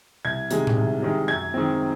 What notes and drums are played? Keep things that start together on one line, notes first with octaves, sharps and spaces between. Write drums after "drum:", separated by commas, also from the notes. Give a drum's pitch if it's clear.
C2 G#6
C3 D#3 G#3, drum: hi-hat
drum: tom A2
C2
C3 D#3 G#3
F#2 G#6
D#3 G#3 C4